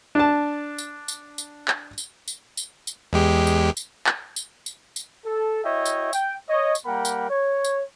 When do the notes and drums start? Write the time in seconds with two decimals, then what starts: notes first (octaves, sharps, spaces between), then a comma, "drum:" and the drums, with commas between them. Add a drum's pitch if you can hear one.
0.15 D4 A5
0.78 drum: tambourine
1.08 drum: tambourine
1.38 drum: tambourine
1.68 drum: clap
1.98 drum: tambourine
2.28 drum: tambourine
2.57 drum: tambourine
2.87 drum: tambourine
3.13 E2 G#3 G4
3.47 drum: tambourine
3.77 drum: tambourine
4.07 drum: clap
4.36 drum: tambourine
4.66 drum: tambourine
4.96 drum: tambourine
5.26 A4
5.64 E4 F#4 C#5 D#5 E5 G5
5.85 drum: tambourine
6.13 G5, drum: tambourine
6.49 C#5 D#5
6.75 drum: tambourine
6.86 G3 A#3 A#4 F#5 G5 B5
7.05 drum: tambourine
7.29 C#5
7.64 drum: tambourine